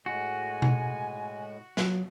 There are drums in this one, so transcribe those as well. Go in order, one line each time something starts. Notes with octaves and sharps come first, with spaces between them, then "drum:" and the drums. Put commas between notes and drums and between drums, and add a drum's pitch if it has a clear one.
A2 G#3 F#4 G#5
drum: tom B2
F#3, drum: snare